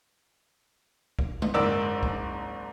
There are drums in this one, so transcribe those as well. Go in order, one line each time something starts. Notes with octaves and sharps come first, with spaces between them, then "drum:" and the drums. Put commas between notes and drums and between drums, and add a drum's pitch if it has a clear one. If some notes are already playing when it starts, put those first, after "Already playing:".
drum: kick
drum: tom D3
F#1 G#2 A#4 D5 E6
drum: kick